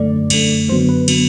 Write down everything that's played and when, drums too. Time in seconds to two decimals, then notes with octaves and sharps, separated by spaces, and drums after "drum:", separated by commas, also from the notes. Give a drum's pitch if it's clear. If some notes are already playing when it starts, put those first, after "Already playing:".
Already playing: F#2 D3 A3 D5
0.30 F#2 D3 A3, drum: cymbal
0.68 F#2 D3 F#3 B3 C5
0.89 B4
1.08 D3 F#3 B3, drum: cymbal